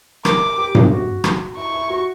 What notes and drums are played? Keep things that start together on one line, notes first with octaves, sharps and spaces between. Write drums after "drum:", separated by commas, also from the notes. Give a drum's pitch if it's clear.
A#4 D6, drum: rim click
G4
drum: tom G2
F#4
drum: rim click
E4 C#6
E4
F#4